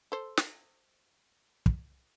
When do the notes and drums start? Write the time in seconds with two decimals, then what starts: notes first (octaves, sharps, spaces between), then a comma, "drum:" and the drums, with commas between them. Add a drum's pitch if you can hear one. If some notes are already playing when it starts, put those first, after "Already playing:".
0.12 A4 C5
0.37 drum: snare
1.66 drum: kick